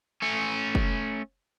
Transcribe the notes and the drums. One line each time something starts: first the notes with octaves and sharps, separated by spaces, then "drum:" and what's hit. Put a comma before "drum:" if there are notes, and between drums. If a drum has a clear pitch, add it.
A3 C#4
drum: kick